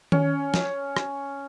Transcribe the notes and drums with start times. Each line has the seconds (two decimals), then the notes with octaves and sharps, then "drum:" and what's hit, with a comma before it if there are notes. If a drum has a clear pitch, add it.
0.12 C#4, drum: tom D#3
0.54 drum: snare
0.97 drum: rim click